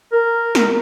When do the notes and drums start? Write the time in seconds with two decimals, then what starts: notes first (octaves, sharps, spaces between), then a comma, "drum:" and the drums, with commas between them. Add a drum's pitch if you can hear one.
0.13 A#4
0.55 drum: snare